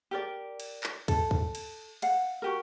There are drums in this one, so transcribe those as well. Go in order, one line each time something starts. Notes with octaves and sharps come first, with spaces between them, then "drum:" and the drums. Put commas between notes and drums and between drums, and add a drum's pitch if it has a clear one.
G4 A#4 D5
drum: cymbal
drum: clap
A4, drum: kick, cymbal
drum: kick
drum: cymbal
F5 F#5, drum: cymbal
F#4 G4 A#4